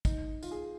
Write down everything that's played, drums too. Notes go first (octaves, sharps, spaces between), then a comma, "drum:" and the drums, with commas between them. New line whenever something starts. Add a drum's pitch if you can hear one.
D#4, drum: kick, tambourine
F4, drum: tambourine
G#4